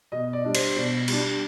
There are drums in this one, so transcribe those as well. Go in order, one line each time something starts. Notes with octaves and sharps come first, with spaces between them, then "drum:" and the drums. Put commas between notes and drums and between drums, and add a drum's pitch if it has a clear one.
B2 D#5
D5
G3 D4
C5, drum: cymbal
B2 D5
G3 D4, drum: cymbal